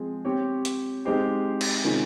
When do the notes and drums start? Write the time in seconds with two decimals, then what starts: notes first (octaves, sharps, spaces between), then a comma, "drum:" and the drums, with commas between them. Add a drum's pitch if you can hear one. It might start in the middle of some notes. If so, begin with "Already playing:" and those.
Already playing: F3 G#3 C4 F4 G#4
0.25 C4 G4 C#5
0.65 drum: hi-hat
1.05 G#3 C4 D#4 G4 C5
1.61 drum: cymbal
1.84 C3 D#3 G#3 C#4 F4